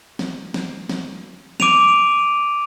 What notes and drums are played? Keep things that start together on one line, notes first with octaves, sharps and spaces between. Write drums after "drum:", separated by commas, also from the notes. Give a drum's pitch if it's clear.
drum: snare
drum: snare
drum: snare
D6 D7 D#7 F7, drum: snare